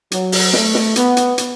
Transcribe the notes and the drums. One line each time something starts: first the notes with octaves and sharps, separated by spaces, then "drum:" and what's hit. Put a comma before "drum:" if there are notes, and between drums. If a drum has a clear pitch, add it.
F#3, drum: hi-hat
drum: open hi-hat
A3, drum: snare
drum: snare
B3, drum: hi-hat
drum: hi-hat
drum: hi-hat